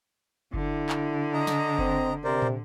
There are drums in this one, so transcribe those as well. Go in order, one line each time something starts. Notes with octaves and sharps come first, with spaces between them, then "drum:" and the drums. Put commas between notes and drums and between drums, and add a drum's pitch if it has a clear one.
D3 E4, drum: kick F#1
drum: clap
D#5 A#5
drum: snare
C4, drum: kick F#1
C3 A#4 C5 D5
drum: tom